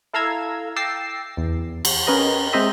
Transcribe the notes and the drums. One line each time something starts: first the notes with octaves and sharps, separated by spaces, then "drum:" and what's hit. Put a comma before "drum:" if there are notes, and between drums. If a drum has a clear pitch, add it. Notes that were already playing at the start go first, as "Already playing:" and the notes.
E4 A4 F5 A#5 E6 G#6
G5 D6 E6 A6 A#6 C7
E2
drum: cymbal
C#4 A#4 B4 D#5 A#5
G#3 C4 A#4 C5 D#5 E5